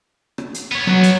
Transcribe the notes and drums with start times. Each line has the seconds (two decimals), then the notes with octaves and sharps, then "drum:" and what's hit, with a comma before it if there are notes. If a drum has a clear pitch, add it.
0.38 drum: rim click
0.54 drum: hi-hat
0.72 B3 C#5
0.87 F#3, drum: rim click
1.03 drum: hi-hat